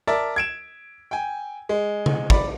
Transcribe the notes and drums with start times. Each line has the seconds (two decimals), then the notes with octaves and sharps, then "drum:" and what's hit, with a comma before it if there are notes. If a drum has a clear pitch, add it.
0.07 A#4 D5 E5 A5
0.36 G#6 D7 E7
1.11 G5 G#5
1.69 G#3
2.06 drum: tom C#3
2.30 D5 B5, drum: kick